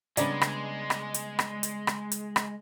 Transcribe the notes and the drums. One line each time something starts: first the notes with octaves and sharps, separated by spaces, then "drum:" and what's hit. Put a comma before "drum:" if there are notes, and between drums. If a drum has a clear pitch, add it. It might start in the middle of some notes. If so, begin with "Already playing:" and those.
C#3 G3 G#3 B3 D4 D5 A#5, drum: hi-hat
drum: rim click
drum: rim click
drum: hi-hat
drum: rim click
drum: hi-hat
drum: rim click
drum: hi-hat
drum: rim click